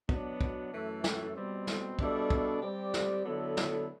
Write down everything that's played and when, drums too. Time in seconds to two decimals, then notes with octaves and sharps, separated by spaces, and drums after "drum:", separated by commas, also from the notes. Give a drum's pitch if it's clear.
0.09 B2 F#3 B3 D4, drum: kick
0.41 drum: kick
0.72 F#2 E3 A3
1.04 drum: snare
1.35 B2 G3 C4
1.67 drum: snare
1.99 B2 G3 D4 A4 E5, drum: kick
2.30 drum: kick
2.62 G3 C4 G4 D5
2.94 drum: snare
3.25 D3 F#3 B3 E4 A4
3.57 drum: snare